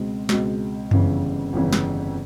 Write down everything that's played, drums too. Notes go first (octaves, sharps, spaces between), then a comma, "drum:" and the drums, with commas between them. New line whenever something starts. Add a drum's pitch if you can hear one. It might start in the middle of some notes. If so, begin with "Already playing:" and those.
Already playing: C#2 B2 G#3 C4
C#2 B2 G#3 C4, drum: snare
G1 F2 C#3 E3, drum: tom F#2
G1 F2 C#3 E3
drum: snare